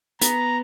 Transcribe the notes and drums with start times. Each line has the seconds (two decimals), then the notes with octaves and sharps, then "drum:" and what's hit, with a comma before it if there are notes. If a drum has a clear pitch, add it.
0.21 B3 A#5, drum: hi-hat